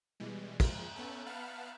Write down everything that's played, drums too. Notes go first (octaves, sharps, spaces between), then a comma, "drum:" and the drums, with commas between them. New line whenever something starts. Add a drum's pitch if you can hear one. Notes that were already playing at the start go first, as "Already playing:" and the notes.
B2 E3 G3 G#3
A#2 F3 G#3, drum: kick, cymbal
B3 C#4 A4
B3 F5 F#5 A5 B5 F6